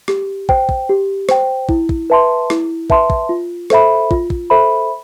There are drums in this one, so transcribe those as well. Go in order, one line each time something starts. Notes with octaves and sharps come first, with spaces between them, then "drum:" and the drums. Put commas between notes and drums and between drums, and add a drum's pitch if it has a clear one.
G4, drum: rim click
C5 G5, drum: kick
drum: kick
G4
C5 G5, drum: rim click
E4, drum: kick
drum: kick
B4 E5 A5 C6
E4, drum: rim click
B4 E5 A5 C6, drum: kick
drum: kick
F4
A4 C5 E5 B5, drum: rim click
F4, drum: kick
drum: kick
A4 C5 E5 B5